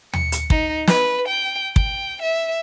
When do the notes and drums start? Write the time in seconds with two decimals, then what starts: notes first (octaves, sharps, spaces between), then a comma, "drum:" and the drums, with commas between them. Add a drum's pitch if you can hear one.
0.13 C#7, drum: tom D#2
0.32 drum: hi-hat
0.50 D#4, drum: kick
0.87 B4, drum: snare
1.28 G5
1.76 G5, drum: kick
2.22 E5